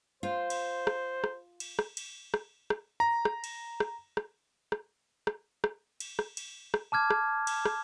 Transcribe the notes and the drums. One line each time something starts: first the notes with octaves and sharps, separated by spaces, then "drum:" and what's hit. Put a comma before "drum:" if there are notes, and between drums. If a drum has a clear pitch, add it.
F4 C5
drum: cymbal
drum: rim click
drum: rim click
drum: cymbal
drum: rim click
drum: cymbal
drum: rim click
drum: rim click
A#5
drum: rim click
drum: cymbal
drum: rim click
drum: rim click
drum: rim click
drum: rim click
drum: rim click
drum: cymbal
drum: rim click
drum: cymbal
drum: rim click
A5 D6 F6 G#6
drum: rim click
drum: cymbal
drum: rim click